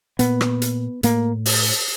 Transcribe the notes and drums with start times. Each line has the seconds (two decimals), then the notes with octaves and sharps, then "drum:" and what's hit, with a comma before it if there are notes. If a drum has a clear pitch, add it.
0.19 A#2 B3, drum: hi-hat
0.41 drum: rim click
0.62 drum: hi-hat
1.03 A2 A#3, drum: hi-hat
1.46 drum: open hi-hat